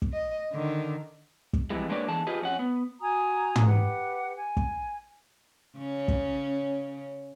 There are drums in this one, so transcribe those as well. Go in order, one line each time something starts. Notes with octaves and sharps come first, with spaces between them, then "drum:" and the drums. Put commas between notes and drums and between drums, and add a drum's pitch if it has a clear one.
drum: kick
D#5
D3 D#3
drum: kick
F2 E3 G3 G#3
G#3 A#3 D4 B4 C#5 D5
E2 D3 E3 G#4 A5
F4 G4 G#4 B4 D#5
F2 C#4 F#5
B3
F#4 G#5 A#5 D#6
drum: tom
G4 B4 F#5
G#5
drum: kick
C#3 C#4
drum: kick